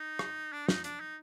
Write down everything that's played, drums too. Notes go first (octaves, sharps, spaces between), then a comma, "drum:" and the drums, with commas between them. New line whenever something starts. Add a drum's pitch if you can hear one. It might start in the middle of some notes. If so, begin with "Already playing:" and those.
Already playing: D#4
drum: rim click
D4
D#4, drum: snare
D4, drum: hi-hat
D#4